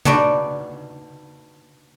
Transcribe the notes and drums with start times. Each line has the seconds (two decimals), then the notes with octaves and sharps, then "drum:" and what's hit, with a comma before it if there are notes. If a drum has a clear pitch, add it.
0.05 B3 D4 D#4 F#4 D5, drum: tom C3